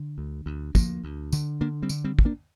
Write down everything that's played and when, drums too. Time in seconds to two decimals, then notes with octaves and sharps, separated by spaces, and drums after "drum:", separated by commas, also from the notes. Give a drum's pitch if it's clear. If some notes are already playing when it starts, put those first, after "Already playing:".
Already playing: D3
0.18 D2
0.46 D2
0.75 D2 F3 A#3, drum: kick, tambourine
1.04 D2
1.32 D3, drum: tambourine
1.61 D3 A#3 D4
1.82 G3 C4
1.89 D3, drum: tambourine
2.04 G3 C4
2.19 D2, drum: kick
2.25 A#3 D4